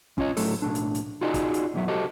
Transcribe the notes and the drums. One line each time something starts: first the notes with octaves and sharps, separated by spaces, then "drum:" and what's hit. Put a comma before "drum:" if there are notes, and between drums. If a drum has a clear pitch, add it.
C#4 F4 C#5 D#5, drum: kick
A2 D3 F#3 A3 A4, drum: open hi-hat
B1 A2 D4
drum: hi-hat
drum: hi-hat
D#4 F4 F#4 G#4 D5 D#5
drum: kick, hi-hat
drum: hi-hat
B1 E2 B2 F#3 E5
F#4 G4 A4 C5 D#5